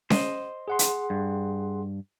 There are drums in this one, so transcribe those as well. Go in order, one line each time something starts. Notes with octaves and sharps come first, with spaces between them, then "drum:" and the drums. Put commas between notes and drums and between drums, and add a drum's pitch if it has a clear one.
C5 D#5, drum: snare C#4
G#4 F#5 C6
drum: hi-hat
G2